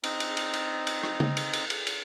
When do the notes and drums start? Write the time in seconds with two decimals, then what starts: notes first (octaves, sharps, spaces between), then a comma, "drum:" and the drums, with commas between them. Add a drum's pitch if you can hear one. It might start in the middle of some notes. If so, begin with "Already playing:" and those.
0.04 C4 D#4, drum: cymbal
0.20 drum: cymbal
0.37 drum: cymbal
0.53 drum: cymbal
0.87 drum: cymbal
1.03 drum: rim click
1.20 drum: tom C#3
1.37 drum: cymbal
1.53 drum: cymbal
1.70 drum: cymbal
1.87 drum: cymbal